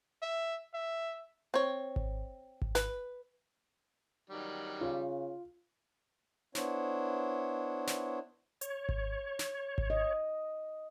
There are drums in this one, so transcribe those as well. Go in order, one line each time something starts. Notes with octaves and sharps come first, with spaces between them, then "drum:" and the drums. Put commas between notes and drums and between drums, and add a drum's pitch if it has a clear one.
E5
E5
C4 C#5
drum: kick G#1
drum: kick G#1
B4, drum: snare
D#3 F#3 G3
C#3 F4
B3 D4 E4 C5 C#5, drum: snare
drum: snare
C#5, drum: hi-hat
drum: kick G#1
drum: snare
drum: kick G#1
D#5